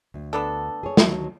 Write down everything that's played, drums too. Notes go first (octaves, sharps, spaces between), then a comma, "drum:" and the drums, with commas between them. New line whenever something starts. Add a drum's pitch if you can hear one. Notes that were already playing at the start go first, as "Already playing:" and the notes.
D2
B3 D4 A4
G#4 C#5
D2 D#3 F#3, drum: snare